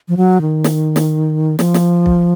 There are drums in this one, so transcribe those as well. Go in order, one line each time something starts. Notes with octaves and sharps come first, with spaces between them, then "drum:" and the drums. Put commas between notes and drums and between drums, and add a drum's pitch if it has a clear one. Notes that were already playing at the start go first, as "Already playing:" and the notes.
F3
F#3
D#3
drum: snare
drum: snare
F3, drum: snare
drum: snare
drum: kick B1